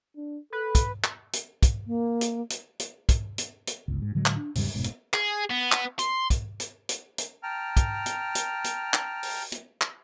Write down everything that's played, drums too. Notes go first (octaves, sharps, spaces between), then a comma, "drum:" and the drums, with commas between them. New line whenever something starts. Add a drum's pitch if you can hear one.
D4
A4 B4
drum: kick, hi-hat
drum: clap
drum: hi-hat
drum: kick, hi-hat
A#3
drum: hi-hat
drum: hi-hat
drum: hi-hat
drum: kick, hi-hat
drum: hi-hat
drum: hi-hat
G1 C#2
G#2
A2 D3 F#3 G#3
drum: clap
D4
E2 G#2 C#3 G3, drum: open hi-hat
F1 G#2 B2
drum: hi-hat
G#4, drum: clap
B3
drum: clap
C6, drum: hi-hat
drum: kick, hi-hat
drum: hi-hat
drum: hi-hat
drum: hi-hat
G5 A5 A#5 F6
drum: kick, hi-hat
drum: hi-hat
drum: hi-hat
drum: hi-hat
drum: clap
drum: open hi-hat
drum: hi-hat
drum: clap